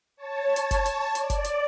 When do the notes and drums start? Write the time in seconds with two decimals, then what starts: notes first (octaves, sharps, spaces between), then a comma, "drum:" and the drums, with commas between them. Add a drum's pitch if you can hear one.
0.16 C#5 A5
0.56 drum: hi-hat
0.71 drum: kick F#1, hi-hat
0.86 drum: hi-hat
1.15 D5, drum: hi-hat
1.30 drum: kick F#1, hi-hat
1.44 drum: hi-hat